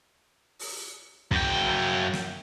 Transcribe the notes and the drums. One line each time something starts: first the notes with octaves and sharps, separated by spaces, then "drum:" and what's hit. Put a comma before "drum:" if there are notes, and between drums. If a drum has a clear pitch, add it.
drum: open hi-hat
F#2 G5, drum: kick
drum: snare